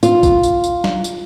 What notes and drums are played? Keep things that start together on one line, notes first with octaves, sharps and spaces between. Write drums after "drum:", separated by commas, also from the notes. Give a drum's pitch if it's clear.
F4, drum: tambourine
drum: kick A#1, tambourine
drum: tambourine
drum: tambourine
drum: snare
drum: tambourine